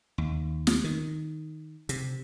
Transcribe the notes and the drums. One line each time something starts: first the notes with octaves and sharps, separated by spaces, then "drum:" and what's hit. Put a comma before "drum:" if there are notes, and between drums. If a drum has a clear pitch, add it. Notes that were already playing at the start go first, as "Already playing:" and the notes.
D#2
drum: snare
D#3
C3, drum: hi-hat